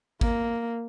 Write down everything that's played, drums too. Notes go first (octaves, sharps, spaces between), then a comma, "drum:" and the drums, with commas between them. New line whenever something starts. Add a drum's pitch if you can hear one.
A#3, drum: kick